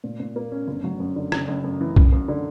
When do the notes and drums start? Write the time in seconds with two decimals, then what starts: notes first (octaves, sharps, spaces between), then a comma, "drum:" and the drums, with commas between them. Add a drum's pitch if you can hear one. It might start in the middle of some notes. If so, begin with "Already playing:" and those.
0.04 A#2
0.20 A#2
0.36 A#3
0.52 C#4
0.68 G1
0.84 F#3
1.00 F#2
1.16 D3
1.32 F#1, drum: rim click
1.48 F#1
1.64 F#2
1.81 E3
1.96 F#2, drum: kick B1
2.12 F#2
2.28 D3